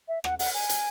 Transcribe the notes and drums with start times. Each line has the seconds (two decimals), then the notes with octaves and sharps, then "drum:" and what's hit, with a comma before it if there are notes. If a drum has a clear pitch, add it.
0.08 E5
0.24 F#5, drum: rim click
0.39 F#5, drum: open hi-hat
0.54 G#5
0.69 drum: hi-hat